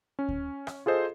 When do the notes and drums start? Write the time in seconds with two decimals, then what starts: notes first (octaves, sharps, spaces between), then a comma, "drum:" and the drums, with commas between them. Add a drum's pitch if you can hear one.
0.19 C#4
0.29 drum: kick D2
0.67 drum: rim click
0.86 F4 G#4 A4 C5 D#5